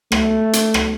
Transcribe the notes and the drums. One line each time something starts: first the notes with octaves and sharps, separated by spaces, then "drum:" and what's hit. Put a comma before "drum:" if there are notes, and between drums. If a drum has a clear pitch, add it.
A3, drum: rim click
drum: hi-hat
drum: rim click